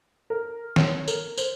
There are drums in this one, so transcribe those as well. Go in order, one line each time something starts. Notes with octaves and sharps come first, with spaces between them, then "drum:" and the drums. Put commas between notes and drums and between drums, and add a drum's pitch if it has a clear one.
A#4
C#5, drum: snare
A#4, drum: tambourine
C5, drum: tambourine